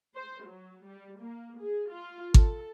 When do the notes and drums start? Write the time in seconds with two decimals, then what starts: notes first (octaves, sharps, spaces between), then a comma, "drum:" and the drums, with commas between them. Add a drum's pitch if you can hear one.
0.15 C5
0.44 F#3
0.85 G3
1.20 A#3
1.59 G#4
1.90 F4
2.34 A4, drum: kick G#1